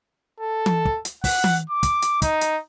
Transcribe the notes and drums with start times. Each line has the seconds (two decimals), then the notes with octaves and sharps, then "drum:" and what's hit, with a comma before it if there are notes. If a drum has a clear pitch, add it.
0.40 A4
0.66 drum: tom E3
0.85 drum: kick
1.05 drum: hi-hat
1.24 F#5, drum: kick, open hi-hat
1.44 drum: tom E3
1.70 D6
1.83 drum: kick, hi-hat
2.02 drum: hi-hat
2.22 D#4, drum: kick, hi-hat
2.41 drum: hi-hat